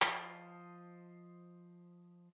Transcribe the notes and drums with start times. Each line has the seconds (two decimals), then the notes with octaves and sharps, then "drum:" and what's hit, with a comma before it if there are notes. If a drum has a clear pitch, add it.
0.02 F3 C5 D#5 F5 A5, drum: clap